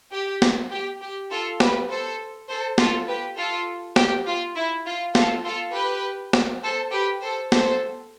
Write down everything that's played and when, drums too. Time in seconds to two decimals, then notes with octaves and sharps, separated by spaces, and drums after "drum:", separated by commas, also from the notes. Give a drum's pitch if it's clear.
0.12 G4
0.42 drum: snare
0.71 G4
1.01 G4
1.31 F4 A4
1.60 G4 B4, drum: snare
1.90 A4 C5
2.49 A4 C5
2.78 F4 A4, drum: snare
3.08 G4 B4
3.37 F4 A4
3.96 G4, drum: snare
4.26 F4
4.56 E4
4.86 F4
5.15 F4 A4, drum: snare
5.45 F4 A4
5.74 G4 B4
6.33 drum: snare
6.63 A4 C5
6.92 G4 B4
7.22 A4 C5
7.52 A4 C5, drum: snare